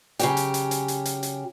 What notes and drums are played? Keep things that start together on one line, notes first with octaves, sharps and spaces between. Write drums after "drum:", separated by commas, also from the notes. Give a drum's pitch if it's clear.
C#3 F#3 G4, drum: hi-hat
drum: hi-hat
drum: hi-hat
drum: hi-hat
drum: hi-hat
drum: hi-hat
drum: hi-hat